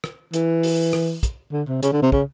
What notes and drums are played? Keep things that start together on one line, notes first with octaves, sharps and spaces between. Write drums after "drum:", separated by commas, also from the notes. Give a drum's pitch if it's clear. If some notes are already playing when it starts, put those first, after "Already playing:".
drum: rim click
E3, drum: hi-hat
drum: open hi-hat
drum: rim click
drum: kick, hi-hat
D3
C3
C#3, drum: hi-hat
D3
C3
C#3, drum: kick